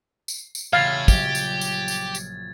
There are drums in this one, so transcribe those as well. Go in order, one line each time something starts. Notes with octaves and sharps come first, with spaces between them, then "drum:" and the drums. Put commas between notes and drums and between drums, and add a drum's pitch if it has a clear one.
drum: tambourine
drum: tambourine
E1 A2 C#3 F5 F6 G#6 A6
A#1 F#3 G3 G4, drum: kick, tambourine
drum: tambourine
drum: tambourine
drum: tambourine
drum: tambourine